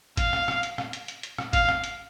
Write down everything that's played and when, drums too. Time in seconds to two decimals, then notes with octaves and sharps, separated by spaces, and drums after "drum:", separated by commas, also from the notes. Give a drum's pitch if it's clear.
0.17 F5, drum: kick G1, hi-hat
0.33 drum: rim click
0.48 drum: rim click
0.63 drum: hi-hat
0.78 drum: rim click
0.93 drum: hi-hat
1.08 drum: hi-hat
1.23 drum: hi-hat
1.38 drum: rim click
1.53 F5, drum: kick G1, hi-hat
1.69 drum: rim click
1.84 drum: hi-hat